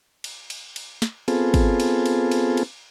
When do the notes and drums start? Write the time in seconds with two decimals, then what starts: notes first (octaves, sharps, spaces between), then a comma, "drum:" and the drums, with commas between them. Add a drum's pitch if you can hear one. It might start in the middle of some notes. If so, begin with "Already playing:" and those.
0.24 drum: cymbal
0.50 drum: cymbal
0.76 drum: cymbal
1.02 drum: snare
1.28 B3 C4 F4 G#4 A4, drum: cymbal
1.54 drum: kick, cymbal
1.80 drum: cymbal
2.06 drum: cymbal
2.31 drum: cymbal
2.57 drum: cymbal